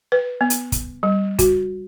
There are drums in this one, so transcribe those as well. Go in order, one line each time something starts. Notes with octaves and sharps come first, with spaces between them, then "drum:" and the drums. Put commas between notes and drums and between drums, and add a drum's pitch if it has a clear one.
B4
B3
drum: hi-hat
drum: kick, hi-hat
G3
F#4, drum: kick, hi-hat